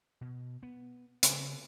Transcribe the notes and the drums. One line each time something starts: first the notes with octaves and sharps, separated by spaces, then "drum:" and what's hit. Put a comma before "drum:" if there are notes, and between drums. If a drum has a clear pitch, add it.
B2
B3
C#3, drum: hi-hat